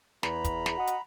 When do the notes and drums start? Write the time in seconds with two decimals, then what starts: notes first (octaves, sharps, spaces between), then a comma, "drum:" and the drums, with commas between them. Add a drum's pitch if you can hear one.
0.23 E2 A#5 B5, drum: snare
0.44 drum: kick, hi-hat
0.66 drum: snare
0.77 F#4 D#5 F#5
0.87 drum: hi-hat